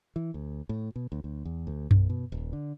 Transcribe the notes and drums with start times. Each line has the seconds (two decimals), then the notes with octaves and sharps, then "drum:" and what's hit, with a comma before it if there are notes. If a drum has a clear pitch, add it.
0.16 E3
0.34 D2
0.69 A2
0.96 B2
1.12 D2
1.24 D2
1.45 E2
1.67 D2
1.91 B1, drum: tom F#2
2.10 B2
2.32 D#1
2.53 D3